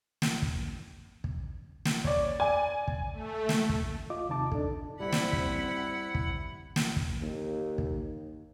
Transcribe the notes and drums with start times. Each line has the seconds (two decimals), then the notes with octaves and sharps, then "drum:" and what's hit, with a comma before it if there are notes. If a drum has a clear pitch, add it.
0.22 drum: snare
0.42 drum: kick
1.24 drum: kick
1.85 drum: snare
2.04 C#5 D5, drum: kick
2.40 D5 G#5
2.88 drum: kick
3.13 A3
3.49 drum: snare
3.69 drum: kick
4.10 F4 D#5 D6
4.29 D#2 C3 D#4 A5 D6
4.52 D4 A4, drum: kick
5.00 G3 C4 E4 F#5 B6
5.12 drum: snare
5.33 drum: kick
6.15 drum: kick
6.76 drum: snare
6.96 drum: kick
7.22 D#2
7.78 drum: kick